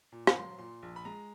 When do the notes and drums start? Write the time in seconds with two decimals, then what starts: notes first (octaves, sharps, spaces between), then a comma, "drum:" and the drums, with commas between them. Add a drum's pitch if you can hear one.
0.12 A#2
0.27 B5, drum: rim click
0.35 F#3 C6
0.59 A#2 C6
0.82 A#1
0.96 B5
1.05 G#3 A#5